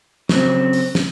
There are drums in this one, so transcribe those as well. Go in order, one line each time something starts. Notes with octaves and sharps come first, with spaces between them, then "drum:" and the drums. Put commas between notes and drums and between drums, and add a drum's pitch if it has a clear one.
C#3 F#3 C4, drum: snare
drum: open hi-hat
drum: snare